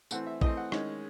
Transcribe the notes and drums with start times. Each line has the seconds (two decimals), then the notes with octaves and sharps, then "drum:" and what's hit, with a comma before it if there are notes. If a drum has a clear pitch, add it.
0.11 E3 A3 C4 F#5, drum: tambourine
0.27 E5
0.41 E3 A3 C4 D#5, drum: kick
0.57 F#5
0.72 D#3 G#3 C#4, drum: rim click